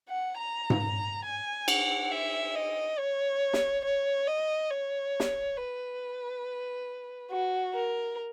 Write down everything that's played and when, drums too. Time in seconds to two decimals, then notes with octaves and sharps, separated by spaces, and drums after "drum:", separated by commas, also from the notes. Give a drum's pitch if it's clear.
0.09 F#5
0.38 A#5
0.70 drum: tom G#2
1.25 G#5
1.68 F#5, drum: cymbal
2.12 E5
2.55 D#5
2.98 C#5
3.53 drum: snare
3.85 C#5
4.27 D#5
4.70 C#5
5.20 drum: snare
5.57 B4
7.30 F#4
7.73 A#4